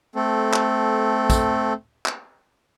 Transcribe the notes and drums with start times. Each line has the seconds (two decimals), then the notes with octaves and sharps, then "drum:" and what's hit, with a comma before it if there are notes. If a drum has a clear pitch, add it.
0.15 A3 C4 A4
0.53 drum: clap
1.30 drum: kick, tambourine
2.06 drum: clap